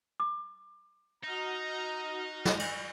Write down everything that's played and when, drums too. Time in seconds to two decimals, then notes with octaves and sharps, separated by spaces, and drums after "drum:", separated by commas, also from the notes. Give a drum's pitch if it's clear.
0.20 D6
1.24 D#4 F#4 D#5 A#5 F6
2.45 drum: snare
2.59 drum: cymbal